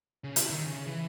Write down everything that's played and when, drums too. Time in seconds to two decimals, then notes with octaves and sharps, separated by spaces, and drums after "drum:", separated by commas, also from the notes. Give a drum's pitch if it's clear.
0.24 C#3
0.36 E4, drum: hi-hat
0.50 D#3
0.66 C#3
0.86 E3